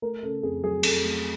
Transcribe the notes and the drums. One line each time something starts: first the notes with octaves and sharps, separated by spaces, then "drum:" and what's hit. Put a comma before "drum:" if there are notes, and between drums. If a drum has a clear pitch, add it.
A3 A#4
C#3 A4
F2 G#4
F#3 G#4
F2 A4, drum: cymbal
A3